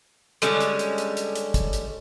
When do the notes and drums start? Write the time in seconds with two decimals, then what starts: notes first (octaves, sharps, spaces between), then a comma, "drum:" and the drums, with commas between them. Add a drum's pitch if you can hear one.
0.42 D3 G3 G#3 C#4, drum: hi-hat
0.61 drum: hi-hat
0.79 drum: hi-hat
0.98 drum: hi-hat
1.17 drum: hi-hat
1.36 drum: hi-hat
1.54 drum: kick, hi-hat
1.73 drum: hi-hat